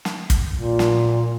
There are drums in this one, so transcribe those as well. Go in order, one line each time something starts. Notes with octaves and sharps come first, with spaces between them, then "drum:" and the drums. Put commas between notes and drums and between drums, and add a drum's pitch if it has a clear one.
drum: snare
drum: kick, hi-hat
A#2
drum: snare